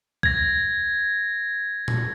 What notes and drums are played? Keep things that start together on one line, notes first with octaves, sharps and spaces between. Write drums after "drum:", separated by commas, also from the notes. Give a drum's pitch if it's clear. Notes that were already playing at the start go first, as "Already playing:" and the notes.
G#6 A#6, drum: kick C2
drum: tom